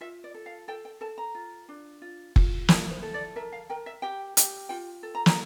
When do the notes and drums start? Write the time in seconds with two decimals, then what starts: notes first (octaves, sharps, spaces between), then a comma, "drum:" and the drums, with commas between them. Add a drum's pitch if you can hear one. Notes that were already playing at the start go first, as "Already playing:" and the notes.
0.01 F4 E5
0.24 D5
0.34 A4
0.46 F5
0.68 A4 G5
0.85 G5
1.01 A4 A5
1.18 A#5
1.35 F4
1.69 D4
2.02 F4
2.36 F4, drum: kick F#1
2.68 E4 A5, drum: snare
2.91 C5
3.02 A4
3.14 D5
3.36 A#4 E5
3.52 F5
3.70 A#4 G5
3.86 E5
4.02 G4 G5
4.37 G4, drum: hi-hat
4.69 F4 G5
5.03 A4
5.15 A#5
5.26 A#5, drum: snare